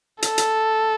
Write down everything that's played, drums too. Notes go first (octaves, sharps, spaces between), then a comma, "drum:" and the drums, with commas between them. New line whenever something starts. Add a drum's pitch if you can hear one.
A4, drum: hi-hat
drum: hi-hat